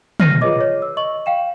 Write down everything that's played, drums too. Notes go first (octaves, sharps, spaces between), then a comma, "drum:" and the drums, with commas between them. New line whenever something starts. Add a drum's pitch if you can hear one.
F6 A#6 C7 D#7, drum: tom
F4 G#4 B4 C#5 D#5 D6
C#5
E6
D#5 C#6 F#7
F5 G5 E7